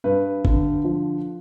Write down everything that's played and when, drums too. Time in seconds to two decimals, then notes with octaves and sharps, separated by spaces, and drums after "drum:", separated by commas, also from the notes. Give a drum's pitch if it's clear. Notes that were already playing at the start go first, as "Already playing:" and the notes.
0.04 G2 B4
0.45 D3, drum: kick G1
0.84 F3